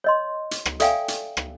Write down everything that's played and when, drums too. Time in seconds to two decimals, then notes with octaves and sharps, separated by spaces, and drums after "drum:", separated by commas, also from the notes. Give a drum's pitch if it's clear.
0.04 C#5 D#5 C6
0.51 drum: hi-hat
0.65 drum: rim click
0.80 A4 D5 E5 F5 G5 G#5, drum: hi-hat
1.08 drum: hi-hat
1.37 drum: rim click